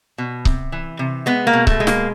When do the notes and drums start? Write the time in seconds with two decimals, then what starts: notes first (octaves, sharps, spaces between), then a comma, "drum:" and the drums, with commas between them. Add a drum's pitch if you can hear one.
0.18 B2
0.45 C3, drum: kick C#1
0.72 E3
0.99 C3
1.26 G#3 B3
1.47 A#3
1.53 B2
1.67 A3, drum: kick C#1
1.80 G#3
1.87 A#3, drum: snare